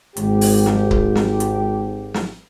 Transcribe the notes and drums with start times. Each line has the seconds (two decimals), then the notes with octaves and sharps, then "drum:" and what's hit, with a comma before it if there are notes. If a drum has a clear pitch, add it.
0.17 G#1 G4, drum: hi-hat
0.41 drum: open hi-hat
0.66 drum: snare
0.91 drum: kick C#1
1.15 drum: snare
1.40 drum: hi-hat
2.14 drum: snare